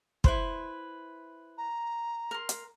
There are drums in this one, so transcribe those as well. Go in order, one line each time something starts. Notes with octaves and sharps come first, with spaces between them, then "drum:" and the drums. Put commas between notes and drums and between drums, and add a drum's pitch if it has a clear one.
E4 B4 C5, drum: kick
A#5
A#4 C6
drum: hi-hat